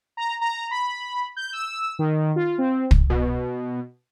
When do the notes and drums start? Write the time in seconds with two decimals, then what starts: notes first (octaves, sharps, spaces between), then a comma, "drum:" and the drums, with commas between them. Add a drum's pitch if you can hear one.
0.17 A#5
0.41 A#5
0.71 B5
1.36 G6
1.53 E6
1.99 D#3
2.36 F4
2.58 C4
2.91 drum: kick
3.10 B2